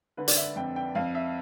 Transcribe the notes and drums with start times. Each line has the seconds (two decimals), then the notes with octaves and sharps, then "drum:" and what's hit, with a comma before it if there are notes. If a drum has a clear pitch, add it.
0.17 D3 B4
0.28 D5, drum: hi-hat
0.36 E5
0.56 F2 G5
0.76 G5
0.95 F2 F5
1.15 E5